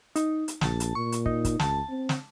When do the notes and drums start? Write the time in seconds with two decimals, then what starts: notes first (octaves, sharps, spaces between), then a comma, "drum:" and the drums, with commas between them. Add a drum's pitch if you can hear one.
0.16 D#4, drum: hi-hat
0.48 drum: hi-hat
0.61 A#1 A5, drum: snare
0.80 drum: hi-hat
0.95 A#2 C#6
1.12 drum: hi-hat
1.26 D#4, drum: kick
1.45 drum: kick, hi-hat
1.60 C#2 A5, drum: snare
1.89 C4
2.09 drum: snare